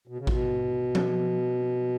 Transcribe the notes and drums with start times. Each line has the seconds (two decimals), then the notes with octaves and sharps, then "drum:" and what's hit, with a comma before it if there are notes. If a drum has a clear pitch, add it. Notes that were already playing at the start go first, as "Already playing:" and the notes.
0.07 B2
0.18 C#3
0.27 B2, drum: kick A1
0.95 drum: tom F3